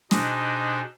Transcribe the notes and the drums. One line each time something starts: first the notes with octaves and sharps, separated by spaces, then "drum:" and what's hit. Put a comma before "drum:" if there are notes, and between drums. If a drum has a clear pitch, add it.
B2 D4 D#4 G4 G#4 C5 D#5, drum: snare